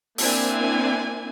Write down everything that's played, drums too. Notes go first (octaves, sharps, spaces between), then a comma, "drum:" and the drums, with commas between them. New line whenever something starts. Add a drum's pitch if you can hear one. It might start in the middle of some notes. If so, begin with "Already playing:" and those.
A#3 C4 D4 E4 G#5, drum: open hi-hat